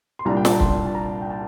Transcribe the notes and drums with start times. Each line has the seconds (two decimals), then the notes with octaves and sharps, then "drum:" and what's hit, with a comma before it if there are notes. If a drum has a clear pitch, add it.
0.19 C6
0.25 C2 A#2 G3 A#3 D4 A#5
0.37 G5
0.45 A5, drum: snare
0.52 A#5
0.60 C6, drum: kick
0.86 A5
0.95 A#5
1.22 G5
1.30 A5